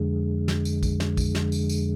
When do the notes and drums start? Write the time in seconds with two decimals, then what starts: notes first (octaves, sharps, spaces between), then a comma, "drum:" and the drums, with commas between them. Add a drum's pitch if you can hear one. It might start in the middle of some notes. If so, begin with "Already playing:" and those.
Already playing: F2 D3 G#3
0.48 drum: snare
0.65 drum: tambourine
0.83 drum: kick, tambourine
1.00 drum: snare
1.17 drum: kick, tambourine
1.35 drum: snare
1.52 drum: tambourine
1.69 drum: tambourine